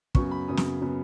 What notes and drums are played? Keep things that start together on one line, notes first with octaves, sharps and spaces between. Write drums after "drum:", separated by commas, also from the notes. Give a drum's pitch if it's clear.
F#2 C#3 F#3 B3 C#6, drum: kick
B5
F#2 C#3 F#3 B3 D#6
drum: snare
C#3 F#3 B3